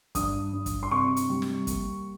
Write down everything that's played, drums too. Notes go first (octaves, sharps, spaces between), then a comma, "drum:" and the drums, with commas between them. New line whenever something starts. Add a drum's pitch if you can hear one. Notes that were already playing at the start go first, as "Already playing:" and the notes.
G2 D#6, drum: kick, hi-hat
G2
drum: kick, hi-hat
C6
C3 C#6
drum: hi-hat
G3
drum: snare
A#3, drum: kick, hi-hat